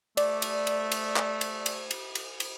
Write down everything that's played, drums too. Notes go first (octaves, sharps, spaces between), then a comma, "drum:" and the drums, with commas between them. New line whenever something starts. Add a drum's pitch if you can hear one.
A3 D5, drum: cymbal
drum: cymbal
drum: cymbal
drum: cymbal
drum: clap
drum: cymbal
drum: cymbal
drum: cymbal
drum: cymbal
drum: cymbal